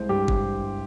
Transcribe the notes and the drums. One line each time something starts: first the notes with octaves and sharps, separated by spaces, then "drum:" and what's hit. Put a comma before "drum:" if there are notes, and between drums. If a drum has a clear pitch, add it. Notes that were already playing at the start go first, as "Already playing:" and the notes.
Already playing: C2 G#3 C5
G2 G4
drum: kick G1